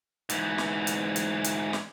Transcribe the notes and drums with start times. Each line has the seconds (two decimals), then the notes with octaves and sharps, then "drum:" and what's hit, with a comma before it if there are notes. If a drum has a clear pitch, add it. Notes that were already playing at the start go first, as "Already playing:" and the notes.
0.30 G#2 E3, drum: hi-hat
0.58 drum: snare
0.87 drum: hi-hat
1.16 drum: hi-hat
1.44 drum: hi-hat
1.73 drum: snare